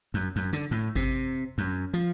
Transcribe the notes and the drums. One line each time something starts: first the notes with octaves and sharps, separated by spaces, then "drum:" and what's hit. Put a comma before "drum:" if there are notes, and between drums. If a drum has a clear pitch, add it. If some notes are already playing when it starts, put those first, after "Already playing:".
F#2
F#2
D3, drum: tambourine
A2
C3, drum: kick G#1
F#2
F3